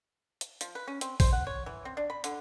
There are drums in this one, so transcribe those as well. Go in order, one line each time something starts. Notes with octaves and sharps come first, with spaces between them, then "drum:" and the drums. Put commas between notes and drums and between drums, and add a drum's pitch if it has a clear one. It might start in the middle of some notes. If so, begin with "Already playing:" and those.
drum: hi-hat
F3, drum: hi-hat
B4
C#4
C4, drum: hi-hat
C5, drum: kick, open hi-hat
F#5
C#5
E3
C4
D4
B5
D3, drum: hi-hat